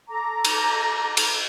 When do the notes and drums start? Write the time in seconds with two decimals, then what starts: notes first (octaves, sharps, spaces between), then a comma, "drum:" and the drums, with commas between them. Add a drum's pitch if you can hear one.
0.08 A4 A#5 D6
0.45 drum: cymbal
1.17 drum: cymbal